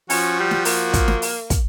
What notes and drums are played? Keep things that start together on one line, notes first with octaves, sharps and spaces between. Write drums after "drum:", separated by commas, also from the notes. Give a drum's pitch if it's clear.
F3 C#4 F#4, drum: open hi-hat
G3
drum: snare
A#3, drum: open hi-hat
drum: kick, hi-hat
drum: snare
drum: open hi-hat
drum: kick, hi-hat